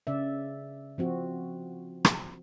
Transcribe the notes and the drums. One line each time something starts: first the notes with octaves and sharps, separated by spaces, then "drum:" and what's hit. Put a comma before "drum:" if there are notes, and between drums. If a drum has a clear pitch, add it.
C#3 D5 E5
F3 C4 F#4
drum: rim click